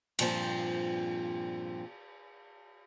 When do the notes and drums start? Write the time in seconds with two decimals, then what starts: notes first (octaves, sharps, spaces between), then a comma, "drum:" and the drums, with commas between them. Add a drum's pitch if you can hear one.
0.19 G2 A#2 F3 C4, drum: cymbal